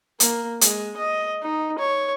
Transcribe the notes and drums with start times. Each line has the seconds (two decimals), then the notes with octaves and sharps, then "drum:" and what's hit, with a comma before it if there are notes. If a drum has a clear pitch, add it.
0.20 A#3, drum: hi-hat
0.61 G#3, drum: hi-hat
0.97 D#5
1.43 D#4
1.78 C#5